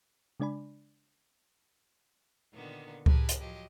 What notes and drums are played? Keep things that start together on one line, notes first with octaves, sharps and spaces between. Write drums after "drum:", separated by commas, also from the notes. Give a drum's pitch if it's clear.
C#3 G#3 D4 D5 G#5 B5
A#2 D3 D#3 A#3 B3
G4 G#4 A#4 B4 G#5 A5, drum: kick C#2
drum: hi-hat
F3 F#3 G4 D#5